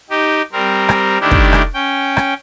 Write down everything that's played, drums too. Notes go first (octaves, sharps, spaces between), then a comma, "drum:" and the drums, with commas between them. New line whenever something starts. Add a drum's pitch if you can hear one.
D#4 G4
G3 C4 A#4
drum: rim click
D#3 A3 D4 E4 G4
drum: kick
drum: rim click
C#4 G5
drum: rim click